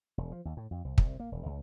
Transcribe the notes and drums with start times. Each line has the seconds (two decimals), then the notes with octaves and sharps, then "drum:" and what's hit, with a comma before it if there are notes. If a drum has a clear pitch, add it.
0.18 E1
0.32 F3
0.45 D#2
0.57 A2
0.71 F2
0.85 C2
0.98 C2, drum: kick
1.20 A#3
1.32 E1
1.46 C#2